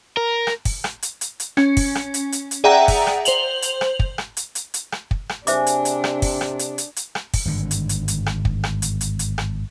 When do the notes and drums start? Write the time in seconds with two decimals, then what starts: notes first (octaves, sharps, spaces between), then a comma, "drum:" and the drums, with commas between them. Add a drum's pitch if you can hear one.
0.17 A#4
0.47 drum: rim click
0.65 drum: kick, open hi-hat
0.84 drum: rim click
1.03 drum: hi-hat
1.21 drum: hi-hat
1.40 drum: hi-hat
1.57 C#4, drum: rim click
1.77 drum: kick, open hi-hat
1.95 drum: rim click
2.14 drum: hi-hat
2.32 drum: hi-hat
2.51 drum: hi-hat
2.64 G#4 D5 E5 F#5 G5 A#5
2.88 drum: kick, open hi-hat
3.07 drum: rim click
3.25 C5 F7 F#7, drum: hi-hat
3.62 drum: hi-hat
3.81 drum: rim click
3.99 drum: kick
4.18 drum: rim click
4.37 drum: hi-hat
4.55 drum: hi-hat
4.74 drum: hi-hat
4.92 drum: rim click
5.11 drum: kick
5.29 drum: rim click
5.47 C3 D4 G#4 C5 E5 D6, drum: hi-hat
5.67 drum: hi-hat
5.85 drum: hi-hat
6.04 drum: rim click
6.22 drum: kick, open hi-hat
6.41 drum: rim click
6.59 drum: hi-hat
6.78 drum: hi-hat
6.96 drum: hi-hat
7.15 drum: rim click
7.34 drum: kick, open hi-hat
7.45 G#1 G2 D3
7.71 drum: hi-hat
7.89 drum: hi-hat
8.08 drum: hi-hat
8.26 drum: rim click
8.45 drum: kick
8.64 drum: rim click
8.82 drum: hi-hat
9.01 drum: hi-hat
9.19 drum: hi-hat
9.38 drum: rim click